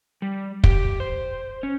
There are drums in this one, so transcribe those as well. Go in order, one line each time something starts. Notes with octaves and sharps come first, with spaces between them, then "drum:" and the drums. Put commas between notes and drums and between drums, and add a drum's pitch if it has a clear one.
G3
G4, drum: kick
C5
C#4